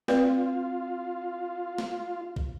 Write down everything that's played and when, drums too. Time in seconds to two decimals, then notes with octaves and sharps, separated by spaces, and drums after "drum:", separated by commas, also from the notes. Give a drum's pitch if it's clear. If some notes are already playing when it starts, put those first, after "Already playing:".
0.08 C4 F4 B4 D5, drum: snare
1.78 drum: snare
2.36 drum: kick